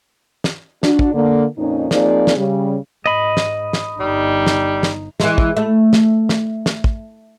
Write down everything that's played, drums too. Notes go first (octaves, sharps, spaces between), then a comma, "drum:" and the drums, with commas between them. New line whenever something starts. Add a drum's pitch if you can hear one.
drum: snare
D4 F#4, drum: snare
drum: kick
D3 A#3
F2 A#2 C#4 D#4
F3 A#3 C4 D#4 G#4 D5, drum: snare
drum: snare
C#3 G3
G#2 D#5 B5
drum: snare
drum: snare
G1 G3 D#4
drum: snare
drum: snare
E3 G#3, drum: snare
drum: kick
A3
drum: snare
drum: snare
drum: snare
drum: kick